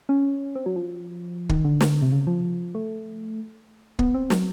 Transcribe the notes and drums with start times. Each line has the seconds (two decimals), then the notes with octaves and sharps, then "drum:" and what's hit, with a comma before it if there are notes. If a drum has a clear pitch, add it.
0.09 C#4
0.56 C4
0.66 F#3
0.76 F3
1.49 D#3, drum: kick
1.65 D3
1.81 drum: snare
2.02 C3
2.12 C#3
2.27 F3
2.75 A3
3.99 B3, drum: kick
4.14 C4
4.30 F#3, drum: snare